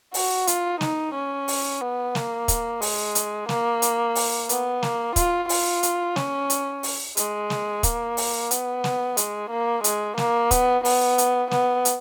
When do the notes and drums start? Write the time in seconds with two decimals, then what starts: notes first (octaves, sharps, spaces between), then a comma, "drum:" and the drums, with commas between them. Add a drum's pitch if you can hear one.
0.14 F#4, drum: open hi-hat
0.47 F4, drum: hi-hat
0.81 D#4, drum: snare
1.14 C#4
1.48 drum: open hi-hat
1.81 B3
2.15 A#3, drum: snare
2.48 drum: kick, hi-hat
2.82 G#3, drum: open hi-hat
3.15 drum: hi-hat
3.49 A#3, drum: snare
3.82 drum: hi-hat
4.15 drum: open hi-hat
4.49 B3, drum: hi-hat
4.83 A#3, drum: snare
5.16 F4, drum: kick, hi-hat
5.49 F4, drum: open hi-hat
5.83 drum: hi-hat
6.16 C#4, drum: snare
6.50 drum: hi-hat
6.83 drum: open hi-hat
7.17 G#3, drum: hi-hat
7.50 drum: snare
7.83 A#3, drum: kick, hi-hat
8.17 drum: open hi-hat
8.51 B3, drum: hi-hat
8.84 drum: snare
9.17 G#3, drum: hi-hat
9.51 A#3
9.84 G#3, drum: hi-hat
10.18 A#3, drum: snare
10.51 B3, drum: kick, hi-hat
10.85 B3, drum: open hi-hat
11.18 drum: hi-hat
11.51 B3, drum: snare
11.85 drum: hi-hat